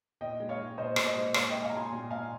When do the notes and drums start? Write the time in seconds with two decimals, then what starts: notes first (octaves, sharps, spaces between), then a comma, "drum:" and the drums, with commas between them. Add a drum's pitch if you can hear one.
0.21 A#2 D#5 G5
0.40 G#3
0.49 C#5 F5
0.59 G#3
0.77 A#2 C5 D#5
0.96 A#2, drum: rim click
1.06 C5 D#5
1.16 G#3
1.34 A#2 C#5 F5, drum: rim click
1.49 G#3 D#5 G5
1.63 F5 G#5
1.70 A#5
1.73 G#3 G#5 C6
1.92 A#2
2.11 A#2 F5 G#5